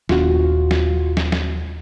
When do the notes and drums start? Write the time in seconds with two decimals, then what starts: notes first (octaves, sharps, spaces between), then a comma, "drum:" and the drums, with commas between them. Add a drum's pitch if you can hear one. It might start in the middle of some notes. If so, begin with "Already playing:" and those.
0.09 D#1 B3 D4 F4 F#4, drum: snare
0.71 drum: snare
1.17 drum: snare
1.32 drum: snare